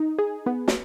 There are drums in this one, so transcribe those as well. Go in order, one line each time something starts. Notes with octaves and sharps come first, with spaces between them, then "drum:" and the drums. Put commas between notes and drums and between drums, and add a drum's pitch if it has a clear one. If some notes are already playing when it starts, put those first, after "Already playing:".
Already playing: D#4
G#4
B3
drum: snare